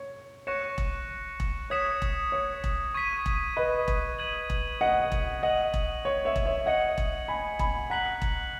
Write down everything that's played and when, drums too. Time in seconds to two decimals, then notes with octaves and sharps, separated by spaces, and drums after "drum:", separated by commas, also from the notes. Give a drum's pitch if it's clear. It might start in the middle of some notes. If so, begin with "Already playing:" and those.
Already playing: C#5
0.47 C#5 C#6 F#6 A#6 C#7 E7
0.78 drum: kick E1
1.40 drum: kick E1
1.70 C#5 D#6 G#6 B6 E7
2.02 drum: kick E1
2.32 C#5
2.64 drum: kick E1
2.95 C#6 G#6 B6 D#7
3.26 drum: kick E1
3.57 B4 D#5
3.88 drum: kick E1
4.19 G#6 D#7 F#7
4.50 drum: kick E1
4.81 D#5 F#5
5.12 drum: kick E1
5.42 D#5 F#5 G#6 D#7 F#7
5.74 drum: kick E1
6.05 C#5
6.25 C#5 E5
6.36 drum: kick E1
6.46 C#5 E5
6.66 D#5 F#5 G#6 C#7 F#7
6.98 drum: kick E1
7.28 G#5 B5
7.59 G#5 B5, drum: kick E1
7.90 F#5 A#5 F#6 B6 F#7
8.22 drum: kick E1